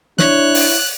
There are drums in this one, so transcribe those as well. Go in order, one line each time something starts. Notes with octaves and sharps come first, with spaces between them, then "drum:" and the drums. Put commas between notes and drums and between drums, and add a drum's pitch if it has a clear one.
D4 E4 C#5 F#6, drum: snare
drum: open hi-hat